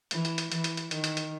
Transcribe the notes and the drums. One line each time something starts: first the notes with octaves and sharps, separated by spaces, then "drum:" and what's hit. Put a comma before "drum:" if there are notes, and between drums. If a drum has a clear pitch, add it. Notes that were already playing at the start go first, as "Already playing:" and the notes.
E3, drum: hi-hat
drum: hi-hat
drum: hi-hat
E3, drum: hi-hat
drum: hi-hat
drum: hi-hat
D#3, drum: hi-hat
drum: hi-hat
drum: hi-hat